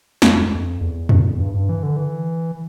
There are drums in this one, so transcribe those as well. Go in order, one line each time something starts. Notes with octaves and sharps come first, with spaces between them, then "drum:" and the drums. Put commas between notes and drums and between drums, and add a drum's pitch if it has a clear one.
F2, drum: snare
F2
F2
E2
drum: tom E2
G2
G2
E3
D3
E3